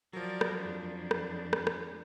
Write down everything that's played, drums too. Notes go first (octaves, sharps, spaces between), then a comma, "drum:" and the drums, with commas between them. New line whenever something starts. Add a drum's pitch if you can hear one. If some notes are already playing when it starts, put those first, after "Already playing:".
F3 F#3 A#4 D5
drum: rim click
F2 D4
drum: rim click
drum: rim click
drum: rim click